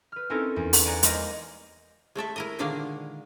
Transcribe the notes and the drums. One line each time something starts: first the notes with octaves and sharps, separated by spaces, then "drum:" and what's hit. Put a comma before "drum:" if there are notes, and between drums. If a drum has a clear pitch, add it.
B4 F6
C4 C#4 D#4 E4 A4 A#4
E2
drum: open hi-hat
D5 F#5 G#5 A#5 F#6 A6
G#3 A#3 G4 A#4 C5 D#5, drum: hi-hat
G#3 A3 A4 E5
E4 A#4 D#5
A#2 D3 D#3 G#3 A#3 F5